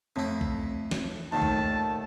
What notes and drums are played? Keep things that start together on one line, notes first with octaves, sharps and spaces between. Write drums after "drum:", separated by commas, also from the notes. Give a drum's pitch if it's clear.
F2 A2 E4
drum: kick B1
drum: snare
D#2 A#2 D#3 A3 A5
drum: kick B1